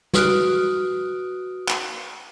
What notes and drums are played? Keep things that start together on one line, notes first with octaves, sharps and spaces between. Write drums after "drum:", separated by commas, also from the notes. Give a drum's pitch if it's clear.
F#4 B4 D#6 F6 F#6 D7, drum: snare
drum: clap